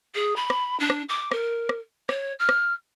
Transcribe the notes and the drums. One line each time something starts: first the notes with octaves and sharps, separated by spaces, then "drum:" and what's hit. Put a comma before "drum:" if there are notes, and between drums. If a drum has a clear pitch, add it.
G#4
B5
drum: rim click
D4
drum: rim click
D6
A#4, drum: rim click
drum: rim click
C#5, drum: rim click
F6
drum: rim click